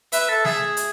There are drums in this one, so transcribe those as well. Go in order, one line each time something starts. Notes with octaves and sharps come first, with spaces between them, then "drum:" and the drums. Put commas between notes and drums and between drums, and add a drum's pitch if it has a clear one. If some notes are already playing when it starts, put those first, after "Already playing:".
B4 E5, drum: hi-hat
A4
G#4 E5, drum: snare
drum: hi-hat